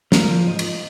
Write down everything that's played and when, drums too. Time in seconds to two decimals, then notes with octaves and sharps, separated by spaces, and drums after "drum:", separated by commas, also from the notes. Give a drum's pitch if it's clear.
0.12 A#3 A#4, drum: snare
0.29 F3
0.47 G#2 D#5
0.59 drum: cymbal